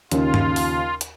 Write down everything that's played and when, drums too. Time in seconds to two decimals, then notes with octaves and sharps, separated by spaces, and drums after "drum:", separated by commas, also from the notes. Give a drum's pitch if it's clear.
0.11 D#2 C#3 F4, drum: hi-hat
0.34 drum: tom G2
0.56 drum: open hi-hat
1.01 drum: hi-hat